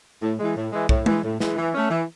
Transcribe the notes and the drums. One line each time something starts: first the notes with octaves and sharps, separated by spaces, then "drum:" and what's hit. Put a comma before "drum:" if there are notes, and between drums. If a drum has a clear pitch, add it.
A2
E3 G#3
A2
E3 G#3
A2, drum: kick
E3 G#3, drum: tom G#3
A2
E3 G#3, drum: snare
E3
A3 C#4
E3